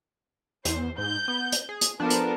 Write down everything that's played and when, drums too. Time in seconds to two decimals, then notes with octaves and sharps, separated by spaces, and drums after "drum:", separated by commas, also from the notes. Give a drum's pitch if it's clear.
0.65 E2 C5, drum: hi-hat
0.98 G#2 G6
1.28 B3
1.52 drum: hi-hat
1.69 G#4
1.81 drum: hi-hat
2.00 F3 B3 D4 A4 A#4
2.10 drum: hi-hat